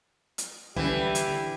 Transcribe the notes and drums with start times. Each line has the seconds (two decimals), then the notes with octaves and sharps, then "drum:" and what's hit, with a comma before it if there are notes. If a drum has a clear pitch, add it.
0.38 drum: hi-hat
0.76 D3 E3 G3 D4 G4, drum: kick
1.15 drum: hi-hat